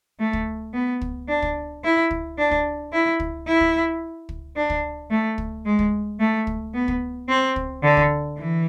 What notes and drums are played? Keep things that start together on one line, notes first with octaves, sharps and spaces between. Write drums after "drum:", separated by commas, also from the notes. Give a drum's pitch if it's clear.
A3
drum: kick
B3
drum: kick
D4
drum: kick
E4
drum: kick
D4
drum: kick
E4
drum: kick
E4
drum: kick
drum: kick
D4
drum: kick
A3
drum: kick
G#3
drum: kick
A3
drum: kick
B3
drum: kick
C4
drum: kick
D3
drum: kick
E3